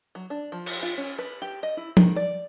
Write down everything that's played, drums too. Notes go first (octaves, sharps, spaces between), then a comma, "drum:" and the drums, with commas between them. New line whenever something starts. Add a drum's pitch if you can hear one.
F#3
D4
F3
drum: cymbal
F4
C#4
B4
G4
D#5
E4
D#3, drum: tom
D5